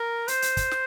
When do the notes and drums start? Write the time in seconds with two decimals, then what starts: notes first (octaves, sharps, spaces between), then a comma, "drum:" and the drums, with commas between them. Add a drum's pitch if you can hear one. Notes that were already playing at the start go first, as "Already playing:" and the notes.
Already playing: A#4
0.28 C5, drum: hi-hat
0.42 drum: hi-hat
0.57 drum: kick, hi-hat
0.71 drum: snare